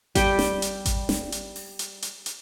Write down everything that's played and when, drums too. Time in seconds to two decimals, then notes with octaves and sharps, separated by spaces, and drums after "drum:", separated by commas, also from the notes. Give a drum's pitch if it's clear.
0.15 G3 G5, drum: kick G#1, hi-hat
0.39 drum: snare
0.62 drum: hi-hat
0.85 drum: kick G#1, hi-hat
1.09 drum: snare
1.32 drum: hi-hat
1.56 drum: open hi-hat
1.79 drum: hi-hat
2.02 drum: hi-hat
2.26 drum: hi-hat